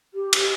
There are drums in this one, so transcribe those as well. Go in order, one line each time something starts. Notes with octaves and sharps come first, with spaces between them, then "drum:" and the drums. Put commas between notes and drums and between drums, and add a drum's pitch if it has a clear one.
G4
drum: cymbal